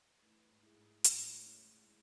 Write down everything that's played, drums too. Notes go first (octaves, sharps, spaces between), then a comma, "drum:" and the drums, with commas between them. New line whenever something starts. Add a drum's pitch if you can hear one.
E3 A3
G#2
E4 G#4
G#2
A2 G#3, drum: hi-hat
C#4 E4
G#3